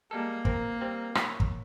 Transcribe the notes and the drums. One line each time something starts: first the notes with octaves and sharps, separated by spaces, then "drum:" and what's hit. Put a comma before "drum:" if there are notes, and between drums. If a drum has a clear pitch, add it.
G3 G#3 A#3 A4
C4 A#4, drum: kick
G3 C4
C#5, drum: rim click
drum: kick